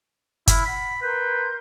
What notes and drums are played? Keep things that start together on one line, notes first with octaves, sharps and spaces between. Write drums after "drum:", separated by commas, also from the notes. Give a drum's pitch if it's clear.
E4 E5 B5 F6, drum: kick G1, hi-hat
F#5 B5
A#4 B4 C6 G6